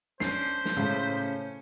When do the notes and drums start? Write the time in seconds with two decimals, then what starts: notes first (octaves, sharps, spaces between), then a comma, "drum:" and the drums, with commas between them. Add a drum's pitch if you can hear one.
0.20 C#4 D4 C5 C7, drum: snare
0.65 drum: snare
0.77 A2 C#3
1.18 C#4